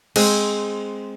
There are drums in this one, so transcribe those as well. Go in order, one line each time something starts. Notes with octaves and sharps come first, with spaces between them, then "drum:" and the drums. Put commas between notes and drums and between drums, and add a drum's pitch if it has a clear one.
G#3 C4, drum: cymbal